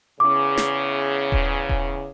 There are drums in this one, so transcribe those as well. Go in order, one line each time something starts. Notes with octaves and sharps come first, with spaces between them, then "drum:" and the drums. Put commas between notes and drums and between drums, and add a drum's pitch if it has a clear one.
E2 C#3 D6
drum: snare
drum: kick D#1
drum: kick D#1